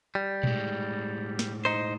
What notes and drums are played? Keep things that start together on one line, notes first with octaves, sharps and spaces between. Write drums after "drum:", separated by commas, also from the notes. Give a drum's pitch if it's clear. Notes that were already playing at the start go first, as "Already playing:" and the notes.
G3
A2 G#3, drum: tom A#2
drum: snare
D#4 C5